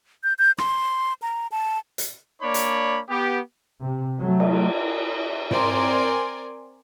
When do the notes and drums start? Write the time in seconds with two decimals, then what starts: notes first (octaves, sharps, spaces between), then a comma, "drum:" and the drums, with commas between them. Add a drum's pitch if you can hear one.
0.24 G6
0.39 G6
0.58 C6, drum: rim click
1.22 A#5
1.52 A5
1.98 drum: hi-hat
2.42 A#3 D4 C#5 D5 B5
2.54 drum: hi-hat
3.09 B3 G4
3.80 C3
4.18 F#3 A3
4.40 drum: cymbal
5.51 C4 A#4 D5 G#5 C6, drum: tom